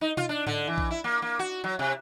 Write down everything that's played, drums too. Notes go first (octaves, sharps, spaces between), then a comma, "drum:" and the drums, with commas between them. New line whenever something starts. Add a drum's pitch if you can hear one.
D#4
F4, drum: tom B2
D4
D3, drum: tom G#2
E3
drum: kick A#1
E4
A#3
A#3
F#4
F#3
C3